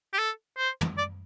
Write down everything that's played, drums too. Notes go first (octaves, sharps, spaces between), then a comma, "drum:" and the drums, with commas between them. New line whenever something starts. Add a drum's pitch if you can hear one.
G4
A4
C5
drum: tom
D5